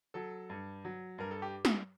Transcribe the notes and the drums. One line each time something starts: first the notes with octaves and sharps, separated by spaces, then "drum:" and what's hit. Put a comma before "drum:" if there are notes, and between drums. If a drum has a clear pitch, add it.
F#3 A4
G2
F#3
G2 A#4
A4
G4
drum: snare